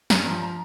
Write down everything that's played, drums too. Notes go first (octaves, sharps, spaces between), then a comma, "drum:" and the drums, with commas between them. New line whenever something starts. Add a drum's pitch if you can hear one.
G2 A#5, drum: snare
F3
A#5